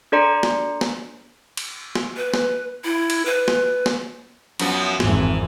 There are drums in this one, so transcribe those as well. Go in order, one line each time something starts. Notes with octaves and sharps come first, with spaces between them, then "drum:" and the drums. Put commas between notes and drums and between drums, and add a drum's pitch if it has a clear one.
D4 A4 D5 A#5 C6 C#7
drum: snare
drum: snare
drum: cymbal
drum: snare
B4
drum: snare
E4
drum: cymbal
B4
drum: snare
drum: snare
F#2 F3 B3, drum: cymbal
G#1 F2 E3, drum: snare